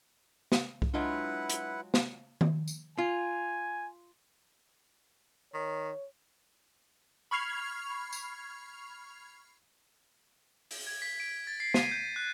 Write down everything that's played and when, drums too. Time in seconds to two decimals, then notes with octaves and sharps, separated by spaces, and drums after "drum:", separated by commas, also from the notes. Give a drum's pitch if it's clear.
0.52 drum: snare
0.82 drum: kick C2
0.94 F#3 G#3 D4 E4 F4 B4 F#5
1.50 drum: hi-hat
1.94 drum: snare
2.41 drum: tom D#3
2.68 drum: tambourine
2.98 F4 G#5
5.54 D#3 C#5
7.31 B5 C#6 F6 G#6 C7 F7
8.13 drum: tambourine
10.71 drum: open hi-hat
10.87 G#6
11.02 B6
11.20 D7
11.47 A6
11.60 C7
11.74 D#7, drum: snare
11.91 G6
12.16 F#6